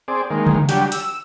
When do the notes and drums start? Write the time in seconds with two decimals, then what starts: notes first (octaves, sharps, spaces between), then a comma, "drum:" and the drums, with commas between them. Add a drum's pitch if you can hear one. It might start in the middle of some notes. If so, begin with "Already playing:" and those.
0.08 C4 G#4 D5
0.30 D#3 G#3 A#3
0.47 drum: tom C#3
0.69 F#3 G3 D4 G4, drum: hi-hat
0.92 E6, drum: hi-hat